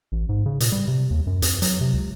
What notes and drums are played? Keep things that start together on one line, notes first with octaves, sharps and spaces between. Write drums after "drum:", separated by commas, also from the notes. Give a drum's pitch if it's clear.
A1
G#2
C#3
A#2, drum: hi-hat
G3
C3
D#2
F#2
F2, drum: hi-hat
F#3, drum: hi-hat
C3
C#2